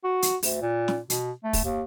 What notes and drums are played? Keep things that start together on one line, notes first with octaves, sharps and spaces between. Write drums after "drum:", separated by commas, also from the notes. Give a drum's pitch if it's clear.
F#4
drum: hi-hat
D2, drum: open hi-hat
A#2
drum: snare
B2, drum: hi-hat
A3
drum: kick, open hi-hat
D#2